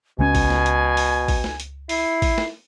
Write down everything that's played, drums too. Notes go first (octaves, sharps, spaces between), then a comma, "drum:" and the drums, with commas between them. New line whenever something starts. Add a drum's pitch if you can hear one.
C#2 B2 A3 C#4 G#5
drum: kick A1, open hi-hat
drum: snare
drum: hi-hat
drum: open hi-hat
drum: kick A1, open hi-hat
drum: snare
drum: hi-hat
E4 C7, drum: open hi-hat
drum: kick A1, open hi-hat
drum: snare